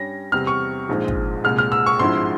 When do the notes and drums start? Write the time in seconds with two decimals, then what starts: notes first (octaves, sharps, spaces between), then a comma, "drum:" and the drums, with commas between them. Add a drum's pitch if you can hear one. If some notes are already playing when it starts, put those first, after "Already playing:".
Already playing: G2 G3 C#4 A#6
0.32 E2 C3 G3 F6
0.47 C#6
0.89 A#1 G#2 F3 G#3 C4
1.08 drum: kick
1.44 C2 A#2 G#3 F6
1.58 F6
1.72 E6
1.86 C#6
1.99 G#1 G2 F3 G#3 E4 C6